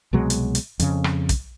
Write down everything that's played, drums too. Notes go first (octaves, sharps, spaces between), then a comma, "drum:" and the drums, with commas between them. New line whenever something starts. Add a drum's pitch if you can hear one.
C2 B2 F#3 G#3
drum: hi-hat
drum: hi-hat
F2 C#3, drum: hi-hat
drum: rim click
drum: kick, hi-hat